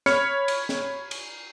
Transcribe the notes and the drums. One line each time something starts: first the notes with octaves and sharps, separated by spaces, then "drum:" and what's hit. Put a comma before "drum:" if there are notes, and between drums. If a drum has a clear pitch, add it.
C#5 B5 F6 C#7, drum: snare
drum: cymbal
drum: snare
drum: cymbal